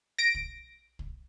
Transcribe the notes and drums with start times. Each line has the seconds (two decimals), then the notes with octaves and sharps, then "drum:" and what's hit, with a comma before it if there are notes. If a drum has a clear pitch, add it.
0.18 A#6 D7
0.35 drum: kick
0.99 drum: kick